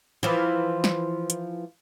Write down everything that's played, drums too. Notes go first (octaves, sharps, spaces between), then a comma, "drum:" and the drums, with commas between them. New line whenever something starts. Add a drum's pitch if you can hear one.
E3 F3
drum: snare
drum: hi-hat